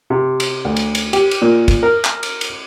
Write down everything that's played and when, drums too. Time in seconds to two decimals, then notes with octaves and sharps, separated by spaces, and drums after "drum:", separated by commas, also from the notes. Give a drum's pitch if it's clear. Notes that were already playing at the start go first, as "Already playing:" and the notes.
0.10 C3
0.40 drum: cymbal
0.65 D2
0.76 drum: cymbal
0.95 drum: cymbal
1.13 G4, drum: cymbal
1.31 drum: cymbal
1.42 A#2
1.68 drum: kick, cymbal
1.83 A#4
2.05 drum: clap
2.23 drum: cymbal
2.41 drum: cymbal